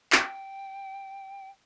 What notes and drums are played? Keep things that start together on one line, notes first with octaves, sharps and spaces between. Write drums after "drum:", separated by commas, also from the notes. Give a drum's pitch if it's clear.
G5, drum: clap